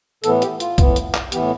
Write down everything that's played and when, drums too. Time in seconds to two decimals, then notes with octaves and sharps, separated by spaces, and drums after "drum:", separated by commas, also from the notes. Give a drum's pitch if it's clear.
0.24 A2 E3 B3 A4, drum: hi-hat
0.42 G4, drum: hi-hat
0.60 F4, drum: hi-hat
0.78 A2 E3 B3, drum: kick B1, hi-hat
0.96 drum: hi-hat
1.14 drum: clap
1.32 A2 E3 B3 G4, drum: hi-hat